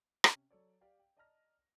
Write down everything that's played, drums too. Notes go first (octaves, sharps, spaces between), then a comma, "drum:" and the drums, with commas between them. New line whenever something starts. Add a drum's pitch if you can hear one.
C3 C#4, drum: rim click
F#3 A4 C#5 D5
G4 D5 F5 G5
G5
D5 D#5 A5 A#5 F6 A#6